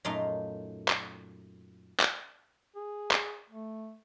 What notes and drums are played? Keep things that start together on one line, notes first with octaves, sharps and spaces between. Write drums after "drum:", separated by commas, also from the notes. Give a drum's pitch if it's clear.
F#2 A#2 A3 D#4 F5 C6
drum: clap
drum: clap
G#4
drum: clap
A3